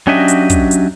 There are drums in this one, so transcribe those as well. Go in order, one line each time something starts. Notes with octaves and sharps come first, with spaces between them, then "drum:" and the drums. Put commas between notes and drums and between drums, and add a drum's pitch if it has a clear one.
F#3 C#4 D4 G4 D#5 E5
drum: hi-hat
drum: kick, hi-hat
drum: hi-hat